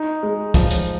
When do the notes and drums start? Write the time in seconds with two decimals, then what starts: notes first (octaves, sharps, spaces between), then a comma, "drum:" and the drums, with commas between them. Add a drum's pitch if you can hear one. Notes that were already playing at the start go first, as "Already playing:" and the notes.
Already playing: D#4
0.23 G#3
0.54 F3, drum: kick, hi-hat
0.71 drum: hi-hat